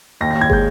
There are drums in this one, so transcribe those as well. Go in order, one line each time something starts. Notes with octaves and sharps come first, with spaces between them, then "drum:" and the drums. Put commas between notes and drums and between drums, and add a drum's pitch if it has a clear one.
D#2 A#6
D#2 A#6
G#6
G#3 G6, drum: kick